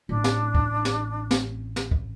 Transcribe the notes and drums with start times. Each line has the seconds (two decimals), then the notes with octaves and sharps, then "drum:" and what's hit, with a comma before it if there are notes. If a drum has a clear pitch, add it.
0.09 A1 D4
0.24 drum: snare
0.55 drum: kick
0.85 drum: snare
1.31 drum: snare
1.76 drum: snare
1.91 drum: kick